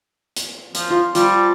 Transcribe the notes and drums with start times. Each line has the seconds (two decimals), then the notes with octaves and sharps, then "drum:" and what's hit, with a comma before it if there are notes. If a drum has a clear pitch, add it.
0.37 drum: hi-hat
0.75 F3, drum: hi-hat
0.90 F4
1.15 F3 G3, drum: hi-hat